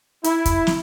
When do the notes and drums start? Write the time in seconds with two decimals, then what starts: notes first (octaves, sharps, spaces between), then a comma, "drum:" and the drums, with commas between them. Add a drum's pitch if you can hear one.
0.24 E4, drum: hi-hat
0.46 drum: kick, hi-hat
0.67 drum: snare